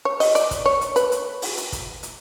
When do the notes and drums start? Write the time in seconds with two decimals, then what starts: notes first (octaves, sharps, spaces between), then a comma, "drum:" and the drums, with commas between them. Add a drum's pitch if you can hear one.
0.05 C#5
0.20 D#5, drum: open hi-hat
0.35 D5, drum: hi-hat
0.51 drum: kick, hi-hat
0.66 C#5
0.81 drum: hi-hat
0.96 B4, drum: hi-hat
1.12 drum: hi-hat
1.42 drum: open hi-hat
1.57 drum: hi-hat
1.72 drum: kick, hi-hat
2.03 drum: hi-hat